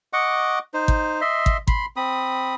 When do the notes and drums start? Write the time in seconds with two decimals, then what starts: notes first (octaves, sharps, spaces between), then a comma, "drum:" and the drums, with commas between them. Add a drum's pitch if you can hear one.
0.13 D#5 F#5 C#6 D6
0.74 D#4 C5
0.88 drum: kick
1.21 D#5 E5 C6
1.46 drum: kick
1.67 B5 C6, drum: kick
1.96 C4 B5 D#6